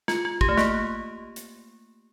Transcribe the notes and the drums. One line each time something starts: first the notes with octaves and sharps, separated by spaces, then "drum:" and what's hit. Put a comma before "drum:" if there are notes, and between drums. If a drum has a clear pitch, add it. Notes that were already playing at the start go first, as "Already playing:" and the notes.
F4, drum: snare
F4
G4, drum: kick
A3
A#3, drum: snare
drum: hi-hat